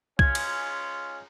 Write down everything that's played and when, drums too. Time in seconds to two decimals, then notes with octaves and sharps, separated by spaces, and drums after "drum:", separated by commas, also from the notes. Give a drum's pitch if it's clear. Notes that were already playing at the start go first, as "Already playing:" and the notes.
0.19 G#3 C#4 F4 G#6, drum: kick C2
0.35 drum: cymbal